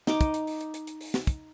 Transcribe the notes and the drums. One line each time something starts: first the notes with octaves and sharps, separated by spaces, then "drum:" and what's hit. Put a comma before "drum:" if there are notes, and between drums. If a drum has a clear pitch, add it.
D#4 D6, drum: snare
drum: kick, hi-hat
drum: hi-hat
drum: open hi-hat
drum: hi-hat
drum: hi-hat
drum: hi-hat
drum: open hi-hat
drum: snare
drum: kick, hi-hat